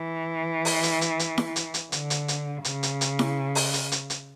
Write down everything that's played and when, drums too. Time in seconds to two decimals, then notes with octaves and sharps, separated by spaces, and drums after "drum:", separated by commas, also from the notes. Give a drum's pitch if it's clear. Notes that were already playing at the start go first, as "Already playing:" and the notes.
Already playing: E3
0.65 drum: open hi-hat
0.83 drum: hi-hat
1.01 drum: hi-hat
1.19 drum: hi-hat
1.38 drum: snare E4
1.56 drum: hi-hat
1.74 drum: hi-hat
1.92 D3, drum: hi-hat
2.10 drum: hi-hat
2.28 drum: hi-hat
2.65 C#3, drum: hi-hat
2.83 drum: hi-hat
3.01 drum: hi-hat
3.19 drum: snare E4
3.55 drum: open hi-hat
3.73 drum: hi-hat
3.92 drum: hi-hat
4.10 drum: hi-hat